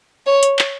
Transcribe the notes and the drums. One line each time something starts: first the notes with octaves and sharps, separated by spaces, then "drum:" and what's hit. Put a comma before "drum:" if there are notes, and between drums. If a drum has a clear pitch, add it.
C#5
drum: hi-hat
drum: clap